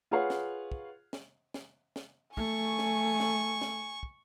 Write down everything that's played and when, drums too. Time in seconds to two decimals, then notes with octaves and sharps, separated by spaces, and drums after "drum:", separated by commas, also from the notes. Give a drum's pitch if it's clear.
0.11 F4 G#4 B4 C#5 F5 F#5
0.30 drum: snare
0.72 drum: kick
1.13 drum: snare
1.54 drum: snare
1.96 drum: snare
2.37 A3 G#5 C#6, drum: kick
2.79 drum: snare
3.20 drum: snare
3.61 drum: snare
4.03 drum: kick